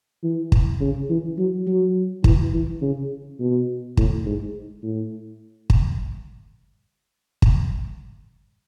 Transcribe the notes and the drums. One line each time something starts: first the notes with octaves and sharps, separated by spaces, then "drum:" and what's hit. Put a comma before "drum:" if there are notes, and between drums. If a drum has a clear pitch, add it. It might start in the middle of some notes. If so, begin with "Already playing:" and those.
E3
drum: kick
C#3
E3
F#3
F#3
E3, drum: kick
E3
C#3
B2
A2, drum: kick
G#2
A2
drum: kick
drum: kick